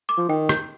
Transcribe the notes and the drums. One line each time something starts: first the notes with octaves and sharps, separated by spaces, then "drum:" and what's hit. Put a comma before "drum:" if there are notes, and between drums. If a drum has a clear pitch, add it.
D6
F3
D#3 G5
G6, drum: rim click